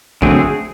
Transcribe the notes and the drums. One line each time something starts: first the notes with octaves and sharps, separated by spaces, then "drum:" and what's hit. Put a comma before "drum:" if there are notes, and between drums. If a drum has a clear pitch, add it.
D3 F#3 A3 C4 G#4, drum: kick